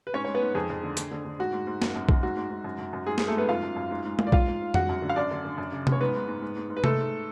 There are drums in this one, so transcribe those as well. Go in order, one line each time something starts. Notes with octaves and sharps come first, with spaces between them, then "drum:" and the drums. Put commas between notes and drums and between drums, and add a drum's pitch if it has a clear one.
B4
G#2 C#4 C#5
G#2 C#5
B3 B4
G#2
F2 G#4
F2
D3
D3, drum: hi-hat
D3
D3
G#2 F#4
G#2
G#2
F#2, drum: snare
F#2
F#2, drum: kick A#1
G#2 F#4
G#2
G#2
F#2
F#2
F#2
G#2 G#4
G#2 G#4, drum: snare
A3 A4
G#2 B3 B4
F#2 F4 F5
F#2
F#2
G#2
G#2
G#2, drum: tom G#3
D5
G#2 F4 F5, drum: kick A#1
G#2
G#2
F#2 F#4 F#5, drum: tom F2
F#2
D3
F5
F#2 D4 D5
D3
D3
F#2
C#3
F#2, drum: tom C3
C#5
G#2 B3 B4
G#2
G#2
G#2
G#2
G#2
B4
G#2 A3 A4, drum: tom C3
G#2